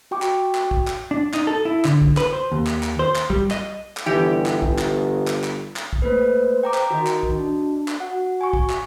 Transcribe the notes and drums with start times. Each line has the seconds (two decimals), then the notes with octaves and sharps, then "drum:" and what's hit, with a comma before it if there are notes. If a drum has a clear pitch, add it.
0.11 F#4 G5 C#6 D6
0.22 drum: clap
0.55 drum: clap
0.71 drum: kick
0.88 drum: clap
1.11 D4
1.34 D#4, drum: clap
1.47 A4
1.65 E4
1.85 D3, drum: clap
2.02 drum: kick
2.17 B4, drum: clap
2.33 C5
2.52 D#2
2.67 drum: clap
2.83 drum: clap
2.99 C5
3.16 drum: clap
3.30 G3, drum: kick
3.51 D#5, drum: clap
3.97 drum: clap
4.06 G1 E3 G4
4.46 drum: clap
4.62 drum: kick
4.79 drum: clap
5.28 drum: clap
5.44 drum: clap
5.76 drum: clap
5.93 drum: kick
6.02 A3 A#3 B4 C5
6.63 G5 A#5 D6
6.74 drum: clap
6.90 D#3 F#4 D#5
7.07 drum: clap
7.23 drum: kick
7.36 D4
7.88 drum: clap
8.00 F#4 F#5
8.41 G#5 C#6
8.53 drum: kick
8.70 drum: clap